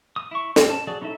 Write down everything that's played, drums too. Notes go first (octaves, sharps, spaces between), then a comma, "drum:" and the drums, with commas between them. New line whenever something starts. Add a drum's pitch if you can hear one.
D#6
E4 C#6
G4 C5, drum: snare
A5
F#3 G#4 D5
C#4 D#4 E4 A4 E5